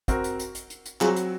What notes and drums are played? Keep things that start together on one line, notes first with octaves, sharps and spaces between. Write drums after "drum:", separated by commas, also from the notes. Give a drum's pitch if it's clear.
C4 F#4 A#4, drum: kick, hi-hat
drum: hi-hat
drum: hi-hat
drum: hi-hat
drum: hi-hat
drum: hi-hat
F#3 C4 F4 F#4 G#4, drum: clap
drum: hi-hat